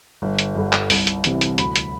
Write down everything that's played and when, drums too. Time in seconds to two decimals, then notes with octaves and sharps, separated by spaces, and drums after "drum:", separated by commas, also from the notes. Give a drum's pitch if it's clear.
0.22 G1
0.39 drum: hi-hat
0.55 G2 D3
0.73 drum: clap
0.90 C2, drum: open hi-hat
1.07 drum: hi-hat
1.24 C3 E3, drum: hi-hat
1.41 drum: hi-hat
1.58 D2 B5, drum: hi-hat
1.76 drum: hi-hat